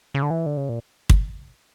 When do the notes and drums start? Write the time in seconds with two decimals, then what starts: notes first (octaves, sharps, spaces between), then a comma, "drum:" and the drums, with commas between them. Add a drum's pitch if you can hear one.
0.15 C#3
0.23 D3
0.30 E3
0.46 D3
0.57 C#3
0.69 A#2
1.10 drum: kick